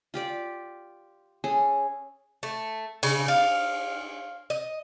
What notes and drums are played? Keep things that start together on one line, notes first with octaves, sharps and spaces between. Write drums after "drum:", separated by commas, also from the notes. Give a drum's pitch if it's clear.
F4 G4 D5
C#4 G#4 A4
A3
C#3, drum: cymbal
F5
D#5